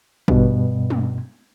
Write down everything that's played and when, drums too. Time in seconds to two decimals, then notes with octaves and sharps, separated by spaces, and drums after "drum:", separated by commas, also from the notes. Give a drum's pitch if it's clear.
0.28 G2 B2, drum: kick
0.90 drum: tom